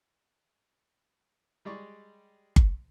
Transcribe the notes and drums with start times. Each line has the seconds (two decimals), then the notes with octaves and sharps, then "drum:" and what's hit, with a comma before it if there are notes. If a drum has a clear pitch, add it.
1.65 G3 G#3 D5 C#6
2.56 drum: kick G1